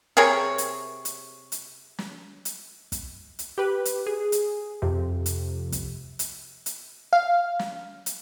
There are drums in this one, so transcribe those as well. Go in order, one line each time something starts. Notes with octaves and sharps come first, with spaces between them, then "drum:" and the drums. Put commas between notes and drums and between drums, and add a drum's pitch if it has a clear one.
C3 G#4 A#4 C#5
drum: hi-hat
drum: hi-hat
drum: hi-hat
drum: snare
drum: hi-hat
drum: kick, hi-hat
drum: hi-hat
G4 B4
drum: hi-hat
G#4
drum: hi-hat
F2 C3
drum: hi-hat
drum: kick, hi-hat
drum: hi-hat
drum: hi-hat
F5
drum: snare
drum: hi-hat